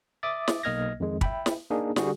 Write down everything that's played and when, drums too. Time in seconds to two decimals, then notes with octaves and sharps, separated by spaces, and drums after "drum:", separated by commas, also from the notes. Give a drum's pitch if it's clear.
0.23 E5 D6 D#6 A6
0.48 drum: snare
0.63 B1 A#3 D#5 F6 G#6 A#6
1.00 F2 D#3 G#3
1.21 E5 G5 B5, drum: kick
1.46 drum: snare
1.70 A#3 D4 D#4 G#4
1.96 D3 G3 F#4 G#4, drum: snare